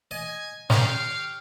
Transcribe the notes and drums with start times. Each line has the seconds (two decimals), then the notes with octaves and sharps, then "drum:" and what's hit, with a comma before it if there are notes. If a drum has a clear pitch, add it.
0.11 D#5 G#5
0.70 G4 C#5 F5 G5 F6, drum: snare